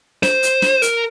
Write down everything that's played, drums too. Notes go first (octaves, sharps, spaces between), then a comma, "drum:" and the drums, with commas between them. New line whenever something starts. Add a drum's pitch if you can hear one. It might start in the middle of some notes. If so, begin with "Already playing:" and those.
C5, drum: snare
drum: hi-hat
drum: snare
A#4, drum: hi-hat